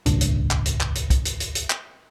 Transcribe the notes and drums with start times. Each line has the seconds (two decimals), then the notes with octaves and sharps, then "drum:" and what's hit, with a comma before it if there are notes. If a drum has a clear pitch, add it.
0.06 D#1 G#1 C#2 D4, drum: hi-hat
0.21 drum: hi-hat
0.51 drum: clap
0.66 drum: hi-hat
0.80 drum: clap
0.95 drum: hi-hat
1.10 drum: kick, hi-hat
1.25 drum: hi-hat
1.40 drum: hi-hat
1.55 drum: hi-hat
1.70 drum: clap